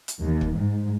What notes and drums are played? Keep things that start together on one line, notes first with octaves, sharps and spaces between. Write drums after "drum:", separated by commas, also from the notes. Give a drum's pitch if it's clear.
drum: hi-hat
D#2
drum: kick
G#2